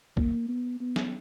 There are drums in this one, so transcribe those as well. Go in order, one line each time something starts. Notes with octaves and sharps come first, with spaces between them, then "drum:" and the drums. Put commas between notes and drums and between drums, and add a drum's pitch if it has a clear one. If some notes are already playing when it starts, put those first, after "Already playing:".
A#3, drum: kick
B3
B3
drum: snare